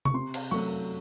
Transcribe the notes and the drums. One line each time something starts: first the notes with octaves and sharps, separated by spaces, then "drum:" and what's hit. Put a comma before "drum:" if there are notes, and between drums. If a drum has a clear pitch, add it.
C#6, drum: tom C3
C3 C6
drum: cymbal
F#3 A3 C#6